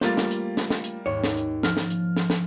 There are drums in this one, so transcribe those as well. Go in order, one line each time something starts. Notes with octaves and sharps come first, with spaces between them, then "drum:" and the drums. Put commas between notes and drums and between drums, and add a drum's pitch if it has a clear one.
G3 A3 A#3 F4 C5 A6, drum: snare
drum: snare
drum: hi-hat
drum: snare
drum: snare
drum: hi-hat
D#2 G#2 C#5
drum: snare
drum: hi-hat
F3 F6, drum: snare
drum: snare
drum: hi-hat
drum: snare
drum: snare